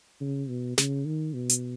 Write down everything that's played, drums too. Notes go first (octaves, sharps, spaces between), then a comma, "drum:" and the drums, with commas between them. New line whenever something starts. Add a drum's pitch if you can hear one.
C#3
B2
C#3, drum: snare
D#3
B2
drum: hi-hat